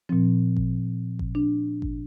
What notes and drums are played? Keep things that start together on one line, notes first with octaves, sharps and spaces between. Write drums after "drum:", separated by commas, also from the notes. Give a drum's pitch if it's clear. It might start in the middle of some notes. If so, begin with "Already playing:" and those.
A#2 F3 C4
drum: kick G#1
drum: kick G#1
D4
drum: kick G#1